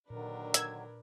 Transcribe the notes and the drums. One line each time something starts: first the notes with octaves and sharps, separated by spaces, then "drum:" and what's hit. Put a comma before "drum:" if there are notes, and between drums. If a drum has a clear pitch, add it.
A#2 D3 D#3 F#3 D4 A#4 B4
E6 G#6, drum: hi-hat